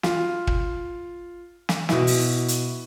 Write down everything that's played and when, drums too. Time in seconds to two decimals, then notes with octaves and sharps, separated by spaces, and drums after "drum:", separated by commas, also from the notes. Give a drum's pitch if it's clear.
0.03 F4, drum: snare
0.47 drum: kick
1.69 drum: snare
1.89 B2 E4, drum: snare
2.07 drum: open hi-hat
2.48 drum: hi-hat